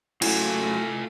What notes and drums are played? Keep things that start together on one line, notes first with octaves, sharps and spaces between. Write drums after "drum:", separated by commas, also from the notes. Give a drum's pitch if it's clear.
C#3 F#3 A3 E4 F4 F#5 G#5, drum: cymbal